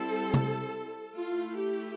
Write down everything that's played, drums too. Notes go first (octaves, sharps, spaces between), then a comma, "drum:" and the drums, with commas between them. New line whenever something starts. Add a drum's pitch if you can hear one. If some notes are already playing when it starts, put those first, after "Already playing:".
Already playing: G3 C4 E4 A4
drum: tom
A3 E4 F4
G4